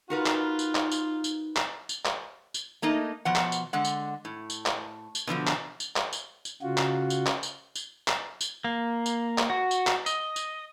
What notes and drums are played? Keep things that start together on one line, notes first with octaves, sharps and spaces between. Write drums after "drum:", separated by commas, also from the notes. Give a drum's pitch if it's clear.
D#4 F4 F#4 A#4 B4
drum: clap
drum: tambourine
drum: clap
drum: tambourine
drum: tambourine
drum: clap
drum: tambourine
drum: clap
drum: tambourine
A3 A#3 D#4 D#5
B2 F3 F#5
drum: clap
drum: tambourine
D3 G#3 F#5
drum: tambourine
A2
drum: tambourine
drum: clap
drum: tambourine
B2 D3 F3 F#3
drum: clap
drum: tambourine
drum: clap
drum: tambourine
drum: tambourine
C#3 F4 F#4
drum: clap
drum: tambourine
drum: clap
drum: tambourine
drum: tambourine
drum: clap
drum: tambourine
A#3
drum: tambourine
drum: clap
F#4
drum: tambourine
drum: clap
D#5, drum: tambourine
drum: tambourine